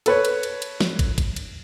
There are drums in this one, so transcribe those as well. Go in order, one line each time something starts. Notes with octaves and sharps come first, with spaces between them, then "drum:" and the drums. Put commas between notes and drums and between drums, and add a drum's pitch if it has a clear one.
A4 B4 C#5, drum: cymbal
drum: cymbal
drum: cymbal
drum: cymbal
drum: snare
drum: kick, cymbal
drum: kick, cymbal
drum: cymbal